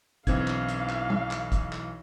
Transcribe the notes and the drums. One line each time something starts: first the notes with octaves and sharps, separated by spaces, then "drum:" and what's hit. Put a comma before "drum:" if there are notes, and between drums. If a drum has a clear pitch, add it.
B1 D3 E3 C4 F5 G#6, drum: kick, hi-hat
drum: clap
drum: hi-hat
drum: clap
drum: tom
drum: clap
drum: kick, hi-hat
drum: clap